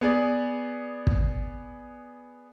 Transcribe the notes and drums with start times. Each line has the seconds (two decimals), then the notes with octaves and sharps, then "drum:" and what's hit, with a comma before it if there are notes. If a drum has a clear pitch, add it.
0.01 B3 G#4 D5
1.07 drum: kick